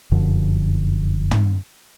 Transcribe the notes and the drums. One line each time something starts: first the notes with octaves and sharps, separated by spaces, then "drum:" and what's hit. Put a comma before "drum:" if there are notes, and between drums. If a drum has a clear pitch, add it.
F1 F#2 D3 F3
drum: tom